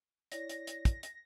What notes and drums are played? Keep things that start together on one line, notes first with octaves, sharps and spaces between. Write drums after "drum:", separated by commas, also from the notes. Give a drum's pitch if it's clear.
E4 C#5 D5 A#6, drum: hi-hat
drum: hi-hat
drum: hi-hat
drum: kick, hi-hat
drum: hi-hat